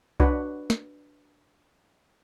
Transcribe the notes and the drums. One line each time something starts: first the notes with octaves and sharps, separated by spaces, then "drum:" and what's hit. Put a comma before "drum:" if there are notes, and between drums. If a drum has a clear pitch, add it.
D4 F#4 B4, drum: kick C2
drum: snare